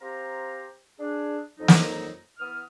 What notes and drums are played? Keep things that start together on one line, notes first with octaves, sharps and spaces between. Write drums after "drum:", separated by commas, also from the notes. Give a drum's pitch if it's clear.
C4 G4 C5 F5 A#5
D4 G#4
F2 F#3 D#4
drum: snare
E3 B3 D#6 F6